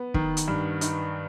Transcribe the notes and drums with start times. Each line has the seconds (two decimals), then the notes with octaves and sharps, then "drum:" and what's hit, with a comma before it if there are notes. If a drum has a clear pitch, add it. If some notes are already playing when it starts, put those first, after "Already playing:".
Already playing: B3
0.14 D#3, drum: kick
0.37 drum: hi-hat
0.48 G2
0.81 D#4, drum: hi-hat